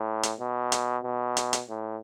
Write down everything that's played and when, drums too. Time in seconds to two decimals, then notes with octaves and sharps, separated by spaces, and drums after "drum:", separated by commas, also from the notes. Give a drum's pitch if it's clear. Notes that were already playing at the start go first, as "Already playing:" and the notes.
Already playing: A2
0.23 drum: hi-hat
0.40 B2
0.72 drum: hi-hat
1.04 B2
1.37 drum: hi-hat
1.53 drum: hi-hat
1.69 A2